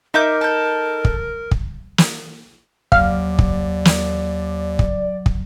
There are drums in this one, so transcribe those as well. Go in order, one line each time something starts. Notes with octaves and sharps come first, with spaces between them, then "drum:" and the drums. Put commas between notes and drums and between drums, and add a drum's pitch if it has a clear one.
D#4 A#4 E5 D6 G6
A4 G6
drum: kick
drum: kick
drum: snare
D#2 F#3 D5 F5, drum: kick
drum: kick
drum: snare
drum: kick
drum: kick